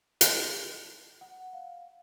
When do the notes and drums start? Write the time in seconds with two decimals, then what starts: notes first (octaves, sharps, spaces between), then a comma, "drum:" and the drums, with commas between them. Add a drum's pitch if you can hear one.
0.21 drum: hi-hat
1.21 F#5
1.53 F5